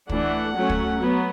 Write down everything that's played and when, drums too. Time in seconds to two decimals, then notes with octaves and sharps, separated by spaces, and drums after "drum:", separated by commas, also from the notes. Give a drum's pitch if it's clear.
0.09 E3 A3 D4 F#5, drum: kick
0.55 F#3 A3 C#4
0.70 drum: kick
0.99 F#3 B3